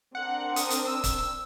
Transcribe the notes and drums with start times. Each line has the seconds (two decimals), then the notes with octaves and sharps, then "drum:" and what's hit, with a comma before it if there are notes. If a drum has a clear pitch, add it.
0.15 C4 D4 A#4 F#5
0.56 D#6, drum: hi-hat
0.70 drum: hi-hat
0.87 E6
1.04 drum: kick, hi-hat